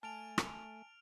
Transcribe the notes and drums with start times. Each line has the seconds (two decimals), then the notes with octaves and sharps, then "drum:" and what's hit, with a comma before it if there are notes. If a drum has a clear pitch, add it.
0.03 A3 G#5 A5 F6 D7 F7
0.38 drum: rim click